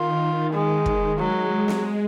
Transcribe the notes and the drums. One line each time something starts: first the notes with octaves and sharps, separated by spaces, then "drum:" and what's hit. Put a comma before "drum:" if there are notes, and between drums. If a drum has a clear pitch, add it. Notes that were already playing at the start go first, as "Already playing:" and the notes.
Already playing: D#3 F4
D#3
G#3
drum: kick
F#3 G#3
drum: snare